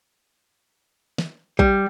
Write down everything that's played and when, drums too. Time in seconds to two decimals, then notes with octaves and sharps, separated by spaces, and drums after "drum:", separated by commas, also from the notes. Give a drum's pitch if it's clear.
1.18 drum: snare
1.59 G3, drum: kick